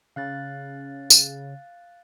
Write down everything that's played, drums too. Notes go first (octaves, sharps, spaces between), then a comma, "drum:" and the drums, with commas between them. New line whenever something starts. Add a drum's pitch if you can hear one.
C#3 F5 F#6 A6
drum: tambourine